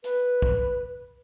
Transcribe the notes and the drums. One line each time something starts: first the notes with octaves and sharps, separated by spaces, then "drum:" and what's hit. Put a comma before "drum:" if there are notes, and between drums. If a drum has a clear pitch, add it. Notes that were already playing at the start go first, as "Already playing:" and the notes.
B4, drum: hi-hat
drum: kick